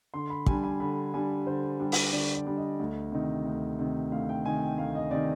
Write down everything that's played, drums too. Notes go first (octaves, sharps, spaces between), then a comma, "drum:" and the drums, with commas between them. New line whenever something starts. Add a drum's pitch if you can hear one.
D3 C6
B5
G3 D4 G#5, drum: kick
G#5
D3 B5
G3 D4 G#5
D3 C5
G3 D4
drum: open hi-hat
D3 D5
D5
G3 D4
D#5
D2
C3 D#3
D2
C3 D#3
D2 F5
G5
C3 D#3 G#5
G5
D2 F5
D#5
C3 D#3 D5